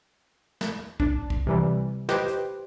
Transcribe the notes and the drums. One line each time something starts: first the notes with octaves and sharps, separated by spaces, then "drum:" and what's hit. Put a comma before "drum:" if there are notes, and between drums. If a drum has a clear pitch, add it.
drum: snare
D4, drum: kick B1
drum: kick B1
C3 E3 G3
G4 B4 C5 D#5 G5, drum: snare
drum: hi-hat